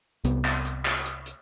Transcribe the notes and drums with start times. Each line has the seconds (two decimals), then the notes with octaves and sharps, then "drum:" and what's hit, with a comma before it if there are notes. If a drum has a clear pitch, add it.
0.24 C2 C3 B3, drum: hi-hat
0.45 drum: clap
0.65 drum: hi-hat
0.85 drum: clap
1.05 drum: hi-hat
1.26 drum: hi-hat